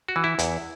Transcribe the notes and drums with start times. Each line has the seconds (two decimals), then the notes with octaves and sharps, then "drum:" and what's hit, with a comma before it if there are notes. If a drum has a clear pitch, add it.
0.09 F#4
0.16 E3
0.24 E4
0.39 E2, drum: hi-hat